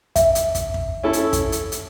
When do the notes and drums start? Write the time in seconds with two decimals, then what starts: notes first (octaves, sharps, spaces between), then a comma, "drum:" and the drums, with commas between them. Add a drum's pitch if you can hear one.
0.16 E5, drum: kick, hi-hat
0.35 drum: hi-hat
0.55 drum: kick, hi-hat
0.74 drum: kick
1.03 C#4 E4 A4
1.13 drum: hi-hat
1.33 drum: kick, hi-hat
1.52 drum: hi-hat
1.72 drum: hi-hat